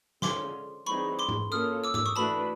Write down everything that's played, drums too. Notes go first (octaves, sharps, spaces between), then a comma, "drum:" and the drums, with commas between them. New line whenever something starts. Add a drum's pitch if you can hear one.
D3 F3 G#3 C#4 F4 C6 D6, drum: snare
E3 G3 C4 D#4 G#4 B5 C#6
C6 D6
drum: tom G#2
A#3 C#4 F4 A4 D#6 F6
D6 E6
D6 E6, drum: tom G#2
C#6 D#6
E3 A3 D4 F#4 B4 A5 B5